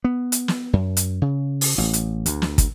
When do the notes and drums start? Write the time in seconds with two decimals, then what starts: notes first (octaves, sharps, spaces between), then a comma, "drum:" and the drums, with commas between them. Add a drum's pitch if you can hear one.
0.04 B3
0.32 drum: hi-hat
0.48 drum: snare
0.73 F#2
0.97 drum: hi-hat
1.22 C#3
1.61 drum: open hi-hat
1.78 A1
1.93 drum: hi-hat
2.26 D2, drum: hi-hat
2.42 drum: snare
2.58 drum: kick, hi-hat